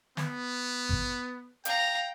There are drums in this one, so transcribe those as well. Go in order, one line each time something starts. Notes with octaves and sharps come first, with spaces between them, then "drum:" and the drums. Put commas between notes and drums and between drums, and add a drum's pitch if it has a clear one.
B3, drum: snare
drum: kick G#1
F5 G5 A#5, drum: hi-hat